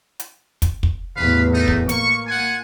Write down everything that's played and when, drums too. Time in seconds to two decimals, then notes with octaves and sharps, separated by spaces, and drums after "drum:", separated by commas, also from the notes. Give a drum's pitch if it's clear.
0.20 drum: hi-hat
0.62 drum: kick, hi-hat
0.83 drum: kick
1.17 A1 E2 B4 F5 B5
1.54 A3 D#4
1.68 drum: kick
1.89 A#3 C#6, drum: hi-hat
2.27 F4 F#5 G#5